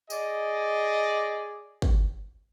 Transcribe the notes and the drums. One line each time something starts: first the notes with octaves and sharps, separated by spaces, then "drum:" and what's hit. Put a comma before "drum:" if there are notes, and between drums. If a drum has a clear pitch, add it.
G#4 D5 D#5, drum: tambourine
drum: kick